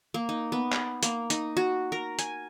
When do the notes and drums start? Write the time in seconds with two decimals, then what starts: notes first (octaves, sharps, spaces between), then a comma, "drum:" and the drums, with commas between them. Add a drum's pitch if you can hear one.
0.14 A#3
0.29 D#4
0.52 B3
0.72 drum: clap
1.03 A#3, drum: hi-hat
1.30 D#4, drum: hi-hat
1.57 F#4
1.92 A#4
2.19 G#5, drum: hi-hat